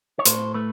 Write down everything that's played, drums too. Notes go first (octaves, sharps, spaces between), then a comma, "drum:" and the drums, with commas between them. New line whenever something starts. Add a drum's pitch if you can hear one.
C#5
A2 C5, drum: hi-hat
A3 B4